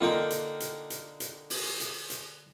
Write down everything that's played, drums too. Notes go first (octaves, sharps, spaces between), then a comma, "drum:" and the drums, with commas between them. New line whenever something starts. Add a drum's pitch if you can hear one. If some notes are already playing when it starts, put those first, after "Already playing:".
D3 A#3 D#4 F4 G5
drum: hi-hat
drum: hi-hat
drum: hi-hat
drum: hi-hat
drum: open hi-hat
drum: hi-hat
drum: hi-hat